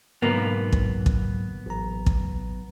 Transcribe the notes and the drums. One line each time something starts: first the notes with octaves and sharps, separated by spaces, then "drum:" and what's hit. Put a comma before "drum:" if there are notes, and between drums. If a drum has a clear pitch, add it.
B1 G#2 D3 F#3 A#3 B3
drum: kick
drum: kick
A1 A#5
drum: kick